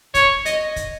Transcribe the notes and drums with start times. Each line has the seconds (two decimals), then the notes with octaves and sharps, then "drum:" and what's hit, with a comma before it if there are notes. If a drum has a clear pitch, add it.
0.14 C#5, drum: kick, hi-hat
0.46 D#5, drum: hi-hat
0.76 drum: kick, hi-hat